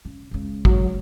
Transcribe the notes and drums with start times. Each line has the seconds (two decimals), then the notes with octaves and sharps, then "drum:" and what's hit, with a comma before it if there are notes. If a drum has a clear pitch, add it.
0.05 C#3
0.31 C#2 C#3
0.65 F#3, drum: kick